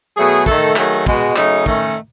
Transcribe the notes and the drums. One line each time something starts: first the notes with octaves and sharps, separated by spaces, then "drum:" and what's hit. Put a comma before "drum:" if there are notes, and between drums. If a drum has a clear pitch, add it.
B2 F#3 A3 G#4
D#3 A3 A4, drum: kick
D#3 F#3 A3 G#4, drum: clap
B2 G#3 F#4, drum: kick
C#3 F#3 A3 D#4, drum: clap
D#3 A3 C#4, drum: kick